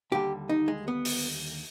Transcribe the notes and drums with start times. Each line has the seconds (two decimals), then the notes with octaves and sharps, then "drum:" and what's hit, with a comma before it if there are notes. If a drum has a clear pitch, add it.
0.12 D#2 D3 G3 G4
0.49 D#4
0.68 G#3
0.88 B3
1.05 drum: open hi-hat